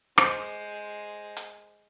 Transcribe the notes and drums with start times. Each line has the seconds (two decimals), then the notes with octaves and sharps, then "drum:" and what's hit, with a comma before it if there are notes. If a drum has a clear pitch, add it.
0.18 G#3 C5, drum: rim click
1.37 drum: hi-hat